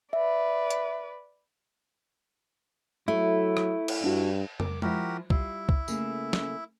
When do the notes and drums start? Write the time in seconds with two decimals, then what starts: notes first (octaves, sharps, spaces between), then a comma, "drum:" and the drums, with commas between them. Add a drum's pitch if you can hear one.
0.13 B4 D5 E5
0.70 drum: hi-hat
3.08 F#3 A3 E4
3.57 drum: rim click
3.88 drum: cymbal
4.04 G2 D4 F#4
4.60 A#4 D6, drum: tom
4.82 F3 E4 F#4 G4 A#4, drum: tom G#3
5.30 G3 E4 F4, drum: kick C2
5.69 drum: kick C2
5.88 C#3 A3 A#3, drum: tambourine
6.33 drum: snare